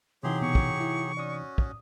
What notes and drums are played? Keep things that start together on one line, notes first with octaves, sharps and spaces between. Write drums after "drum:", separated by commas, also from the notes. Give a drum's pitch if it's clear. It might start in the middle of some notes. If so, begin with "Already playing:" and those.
C3 E3 F#3 D#4 G4 G#4 C6
B2 C#6
drum: kick
E4
C#4 F#4 D5 D#6
drum: kick